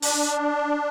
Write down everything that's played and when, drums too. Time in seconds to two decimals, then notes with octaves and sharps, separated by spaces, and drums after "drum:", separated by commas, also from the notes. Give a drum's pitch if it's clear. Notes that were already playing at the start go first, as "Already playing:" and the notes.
0.02 D4, drum: open hi-hat